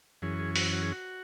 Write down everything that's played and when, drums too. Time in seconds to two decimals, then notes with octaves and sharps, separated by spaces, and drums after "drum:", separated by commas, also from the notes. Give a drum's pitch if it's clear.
0.22 F#2 E3 C#4 G#4
0.39 G#4
0.56 F#4, drum: open hi-hat
0.73 F#4
0.82 G#4
0.92 F#4